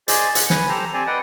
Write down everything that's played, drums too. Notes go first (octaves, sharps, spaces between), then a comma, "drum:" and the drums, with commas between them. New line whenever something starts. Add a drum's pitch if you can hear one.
G#4 C5 D5 D#5, drum: hi-hat
G#4 F#5, drum: hi-hat
B4 G#5, drum: snare
G4 A4 C5 A5 A#5
C4 G4 C5 D5 G#5
B4 D5 D#5 F#5 G5 D#6